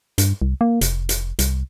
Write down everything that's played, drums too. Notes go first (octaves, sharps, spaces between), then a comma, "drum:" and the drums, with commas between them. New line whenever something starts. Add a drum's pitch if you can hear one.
G2, drum: hi-hat
C2
A#3
F1, drum: hi-hat
drum: hi-hat
C2, drum: hi-hat